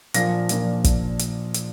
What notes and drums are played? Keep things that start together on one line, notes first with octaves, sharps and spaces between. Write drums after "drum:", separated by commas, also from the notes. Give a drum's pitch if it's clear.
A#2 F3 A#3 D4 F4 A#6, drum: hi-hat
A#2 F3 A#3 D4 F4, drum: hi-hat
drum: kick, hi-hat
drum: hi-hat
drum: hi-hat